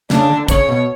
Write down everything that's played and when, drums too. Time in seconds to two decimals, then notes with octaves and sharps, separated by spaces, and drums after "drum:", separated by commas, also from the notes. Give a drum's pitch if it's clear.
0.10 C#3 D4, drum: snare
0.29 D3
0.48 C#3 C#5, drum: kick, hi-hat
0.69 B2